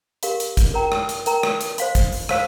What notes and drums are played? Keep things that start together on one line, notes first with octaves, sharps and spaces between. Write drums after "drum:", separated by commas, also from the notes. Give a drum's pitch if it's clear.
G4 A#4 F5 C6, drum: hi-hat
drum: hi-hat
drum: kick, hi-hat
A#4 G5 A#5
drum: rim click
drum: hi-hat
A#4 G5 A#5, drum: hi-hat
drum: rim click
drum: hi-hat
C5 F5 C6, drum: hi-hat
drum: kick, hi-hat
drum: open hi-hat
C5 F5 C6, drum: rim click